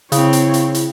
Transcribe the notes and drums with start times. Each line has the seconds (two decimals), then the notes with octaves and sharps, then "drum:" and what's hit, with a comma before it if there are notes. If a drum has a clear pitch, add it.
0.12 C#3 C4 E4 C#5, drum: hi-hat
0.33 drum: hi-hat
0.54 drum: hi-hat
0.75 drum: hi-hat